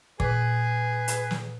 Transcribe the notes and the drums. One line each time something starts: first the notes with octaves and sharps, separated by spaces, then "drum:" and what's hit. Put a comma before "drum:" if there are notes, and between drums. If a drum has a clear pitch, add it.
A#2 G#4 B4, drum: kick
drum: hi-hat
drum: snare